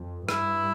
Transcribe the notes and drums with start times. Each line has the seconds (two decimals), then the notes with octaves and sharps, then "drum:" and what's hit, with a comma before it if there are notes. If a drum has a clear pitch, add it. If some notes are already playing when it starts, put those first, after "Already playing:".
Already playing: F2
0.29 G2 E4, drum: rim click